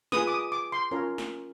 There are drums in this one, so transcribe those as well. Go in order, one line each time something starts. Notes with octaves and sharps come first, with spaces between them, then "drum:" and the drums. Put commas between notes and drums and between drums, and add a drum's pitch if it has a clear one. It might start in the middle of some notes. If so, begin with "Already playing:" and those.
F4 G#4 B4 D#6, drum: snare
D6
D#6
D6
C6
C#4 F4 A#4 C#5
drum: snare